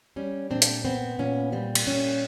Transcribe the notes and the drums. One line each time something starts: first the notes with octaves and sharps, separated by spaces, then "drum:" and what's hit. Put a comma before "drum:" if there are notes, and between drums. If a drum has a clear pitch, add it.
G3 C#4
A#2 C4 D4
drum: hi-hat
B3 C4
A#2 C#4
G3 C4
drum: cymbal
A#2 C#4